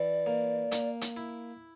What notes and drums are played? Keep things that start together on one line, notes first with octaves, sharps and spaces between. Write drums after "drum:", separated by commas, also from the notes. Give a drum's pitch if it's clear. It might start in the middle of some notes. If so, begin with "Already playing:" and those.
Already playing: E3 D5
A#3
A#3, drum: hi-hat
drum: hi-hat
E4